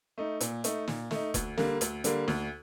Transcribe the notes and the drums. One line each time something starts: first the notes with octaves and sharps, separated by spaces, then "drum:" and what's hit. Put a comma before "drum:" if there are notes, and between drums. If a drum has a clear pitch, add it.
A3 D#4
A#2, drum: hi-hat
A3 D#4, drum: hi-hat
A#2, drum: snare
A3 D#4, drum: snare
D2, drum: kick E1, hi-hat
D3 G3 A#3, drum: snare
D2, drum: hi-hat
D3 G3 A#3, drum: hi-hat
D2, drum: snare